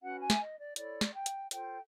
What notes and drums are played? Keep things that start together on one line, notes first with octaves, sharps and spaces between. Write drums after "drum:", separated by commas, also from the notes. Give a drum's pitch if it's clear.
C#4 F#4 B4 F#5
G#5
E5, drum: snare
D#5
D5
E4 A4 C#5 D5, drum: hi-hat
drum: snare
G5
drum: hi-hat
F4 A4 C5 G5, drum: hi-hat